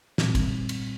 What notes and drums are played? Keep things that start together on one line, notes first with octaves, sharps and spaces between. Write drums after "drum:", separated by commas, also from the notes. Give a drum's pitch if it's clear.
A#2 G3 C4, drum: snare
drum: kick, cymbal
drum: cymbal